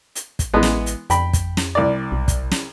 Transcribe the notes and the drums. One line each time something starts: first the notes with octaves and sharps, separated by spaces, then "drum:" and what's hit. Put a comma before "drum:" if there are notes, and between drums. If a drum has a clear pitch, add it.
drum: hi-hat
drum: kick, hi-hat
A1 E3 G#3 B3
drum: snare
drum: hi-hat
F2 G5 B5, drum: hi-hat
drum: kick, hi-hat
drum: snare
C2 D5
B1
drum: kick, hi-hat
drum: snare